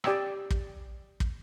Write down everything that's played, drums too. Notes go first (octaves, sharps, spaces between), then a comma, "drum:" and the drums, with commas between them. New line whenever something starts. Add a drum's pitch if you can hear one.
G4 D5 G5 G#5 D#6 E6, drum: rim click
drum: kick
drum: kick